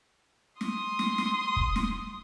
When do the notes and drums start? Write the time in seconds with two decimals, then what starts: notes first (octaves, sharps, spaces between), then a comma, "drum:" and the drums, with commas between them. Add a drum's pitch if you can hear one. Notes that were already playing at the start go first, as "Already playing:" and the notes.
0.61 C6 D#6, drum: snare
0.99 drum: snare
1.18 drum: snare
1.56 drum: kick
1.76 drum: snare